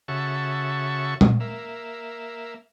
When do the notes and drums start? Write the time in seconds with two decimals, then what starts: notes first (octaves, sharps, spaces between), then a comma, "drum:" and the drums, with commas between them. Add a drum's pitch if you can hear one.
0.08 C#3 F#4 A4 E5 C#6
1.21 drum: tom
1.40 A#3 E5